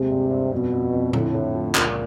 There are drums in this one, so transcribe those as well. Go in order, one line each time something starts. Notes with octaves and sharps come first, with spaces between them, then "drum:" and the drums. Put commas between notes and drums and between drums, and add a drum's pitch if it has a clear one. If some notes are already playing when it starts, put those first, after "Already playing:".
Already playing: D#2 C3 G#3
G2
G2
F2 B2
F2
F2
A2 D3, drum: tom A#2
D3
F3
C#2 A#2, drum: clap